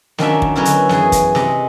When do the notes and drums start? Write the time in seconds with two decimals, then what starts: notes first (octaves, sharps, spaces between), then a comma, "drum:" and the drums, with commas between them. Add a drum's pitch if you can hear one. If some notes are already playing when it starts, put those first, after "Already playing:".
0.18 D#3 F3 F#3 C#4 D4 E5, drum: snare
0.42 drum: kick
0.56 D3 F#3 B3 C#4 E4
0.65 drum: hi-hat
0.89 F#2 E3 G#4, drum: snare
1.12 drum: kick, hi-hat
1.35 C3 D#5, drum: snare